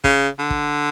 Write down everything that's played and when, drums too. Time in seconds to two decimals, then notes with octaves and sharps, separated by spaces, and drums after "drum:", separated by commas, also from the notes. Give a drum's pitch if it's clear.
0.04 C#3, drum: kick
0.39 D3
0.50 drum: kick